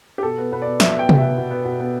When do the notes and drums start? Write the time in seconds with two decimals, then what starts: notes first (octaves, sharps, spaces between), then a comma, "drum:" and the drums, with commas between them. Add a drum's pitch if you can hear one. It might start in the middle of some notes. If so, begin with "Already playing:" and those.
0.18 G4
0.23 B2 A4
0.38 B3
0.52 B2 B4
0.62 B3 D5
0.80 B2 E5, drum: snare
0.90 E5
0.94 B3
0.99 G5
1.09 B2, drum: tom C3
1.18 B3 E5
1.37 B2
1.50 B3
1.65 B2
1.80 B3